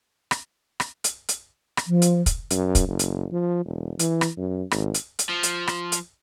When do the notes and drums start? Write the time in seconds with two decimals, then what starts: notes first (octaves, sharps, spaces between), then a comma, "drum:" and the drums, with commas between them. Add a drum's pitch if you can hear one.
0.31 drum: rim click
0.80 drum: rim click
1.04 drum: hi-hat
1.28 drum: hi-hat
1.77 drum: rim click
1.87 F3
2.02 drum: hi-hat
2.26 drum: kick, hi-hat
2.50 F#2, drum: hi-hat
2.75 drum: kick, hi-hat
2.89 F#1
2.99 drum: hi-hat
3.31 F3
3.65 E1
3.99 E3, drum: hi-hat
4.21 drum: rim click
4.37 F#2
4.71 G#1, drum: rim click
4.94 drum: hi-hat
5.19 drum: hi-hat
5.29 F3
5.43 drum: hi-hat
5.67 drum: rim click
5.92 drum: hi-hat